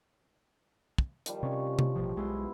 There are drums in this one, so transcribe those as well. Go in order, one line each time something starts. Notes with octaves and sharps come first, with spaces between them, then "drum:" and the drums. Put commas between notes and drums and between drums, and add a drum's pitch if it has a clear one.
drum: kick
D#3 F3 G3, drum: hi-hat
C3 C#4 C#5
drum: tom C3
A1 B2 F3
B1 G#3 B3 E4 C6